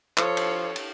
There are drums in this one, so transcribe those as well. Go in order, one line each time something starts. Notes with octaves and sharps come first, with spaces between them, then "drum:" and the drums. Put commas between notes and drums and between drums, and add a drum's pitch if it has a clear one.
F3 A4 C#5, drum: clap
drum: cymbal
drum: cymbal